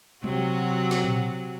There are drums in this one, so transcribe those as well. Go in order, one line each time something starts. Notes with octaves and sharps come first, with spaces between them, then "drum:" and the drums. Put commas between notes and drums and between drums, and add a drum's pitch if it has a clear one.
C3 F#3 F#4, drum: tom G3
drum: snare
drum: tom A#2